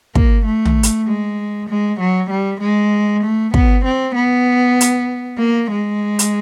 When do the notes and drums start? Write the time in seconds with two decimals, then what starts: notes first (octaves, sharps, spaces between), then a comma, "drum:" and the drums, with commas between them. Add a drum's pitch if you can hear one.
0.15 A#3, drum: kick
0.46 A3
0.65 drum: tom
0.83 drum: hi-hat
1.07 G#3
1.69 G#3
1.99 F#3
2.30 G3
2.61 G#3
3.23 A3
3.54 B3, drum: kick
3.84 C4
4.16 B3
4.81 drum: hi-hat
5.38 A#3
5.70 G#3
6.19 drum: hi-hat